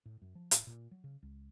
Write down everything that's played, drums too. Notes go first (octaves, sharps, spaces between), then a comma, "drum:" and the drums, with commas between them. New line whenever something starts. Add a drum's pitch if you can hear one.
A2
F#2
F3
A2, drum: hi-hat
A#2
F#3
C#3
C#2